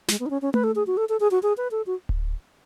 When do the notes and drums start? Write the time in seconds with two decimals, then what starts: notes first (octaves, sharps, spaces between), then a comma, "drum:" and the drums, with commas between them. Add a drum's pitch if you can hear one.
0.08 G#3, drum: snare
0.20 B3
0.26 D#4
0.30 C#4
0.42 C#4
0.54 B4, drum: tom A3
0.64 A4
0.75 G#4
0.87 F#4
0.97 A4
1.09 A4
1.20 G#4
1.31 F#4
1.43 G#4
1.57 B4
1.71 A4
1.87 F#4
2.09 drum: kick D1